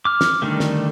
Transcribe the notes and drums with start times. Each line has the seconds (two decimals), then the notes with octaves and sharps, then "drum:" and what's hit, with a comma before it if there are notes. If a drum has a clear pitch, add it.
0.05 D6 F6
0.21 drum: snare
0.42 D3 D#3 G3 A3
0.60 drum: snare